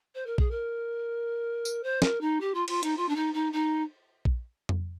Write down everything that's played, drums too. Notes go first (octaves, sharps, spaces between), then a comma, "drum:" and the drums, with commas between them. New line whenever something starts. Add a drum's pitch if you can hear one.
C5
A#4
G#4, drum: kick A#1
A#4
drum: tambourine
C5
A#4, drum: snare
D#4
G4
F4
F4, drum: cymbal
D#4, drum: hi-hat
F4
D4
D#4
D#4
D#4
drum: kick A#1
drum: tom F2